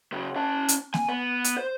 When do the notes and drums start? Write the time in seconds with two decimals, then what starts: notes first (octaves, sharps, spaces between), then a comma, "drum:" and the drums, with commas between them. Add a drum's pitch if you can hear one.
0.12 C#3 F#3
0.36 C#4 A5
0.68 drum: hi-hat
0.94 G#5, drum: snare A#3
1.09 B3
1.44 drum: hi-hat
1.58 C5